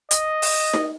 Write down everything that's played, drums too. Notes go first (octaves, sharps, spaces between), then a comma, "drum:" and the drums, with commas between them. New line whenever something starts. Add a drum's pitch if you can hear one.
D#5, drum: hi-hat
drum: open hi-hat
drum: snare D#4